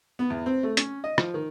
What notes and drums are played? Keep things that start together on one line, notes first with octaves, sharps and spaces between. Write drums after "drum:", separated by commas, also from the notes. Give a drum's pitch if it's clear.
B3
E2
C4
A3
C#4, drum: hi-hat
D#5
F3, drum: rim click
D#3